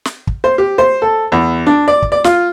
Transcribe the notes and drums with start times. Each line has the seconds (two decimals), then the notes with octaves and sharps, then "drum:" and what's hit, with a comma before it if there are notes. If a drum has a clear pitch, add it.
0.05 drum: snare
0.27 drum: kick
0.44 C5
0.58 G4
0.78 C5
1.02 A4
1.32 E2
1.66 D4
1.88 D5
2.02 drum: kick
2.12 D5
2.24 F4, drum: snare